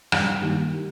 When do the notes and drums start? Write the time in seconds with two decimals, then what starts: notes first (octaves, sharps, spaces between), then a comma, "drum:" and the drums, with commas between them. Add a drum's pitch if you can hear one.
0.12 G2, drum: rim click
0.42 D#3 G3 A#3